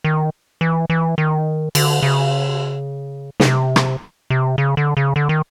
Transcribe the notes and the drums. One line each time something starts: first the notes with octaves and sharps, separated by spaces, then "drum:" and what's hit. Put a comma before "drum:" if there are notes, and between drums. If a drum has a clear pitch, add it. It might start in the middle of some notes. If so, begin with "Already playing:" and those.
D#3
E3
E3
D#3
D3, drum: cymbal
C#3
C#3, drum: snare
C3
drum: rim click
C3
C#3
D3
C#3
D3
D#3